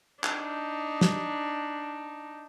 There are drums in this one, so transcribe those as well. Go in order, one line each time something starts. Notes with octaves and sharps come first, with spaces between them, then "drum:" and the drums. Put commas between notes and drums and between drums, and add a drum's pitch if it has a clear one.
D4 D#4, drum: clap
drum: snare